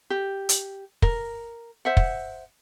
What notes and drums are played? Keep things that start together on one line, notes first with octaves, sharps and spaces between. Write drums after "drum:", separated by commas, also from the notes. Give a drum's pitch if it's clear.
G4
drum: hi-hat
A#4, drum: kick
C5 E5 F#5
drum: kick